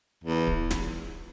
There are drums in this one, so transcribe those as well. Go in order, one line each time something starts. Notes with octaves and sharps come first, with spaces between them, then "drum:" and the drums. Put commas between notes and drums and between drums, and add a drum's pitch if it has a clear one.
E2
drum: kick D1
drum: snare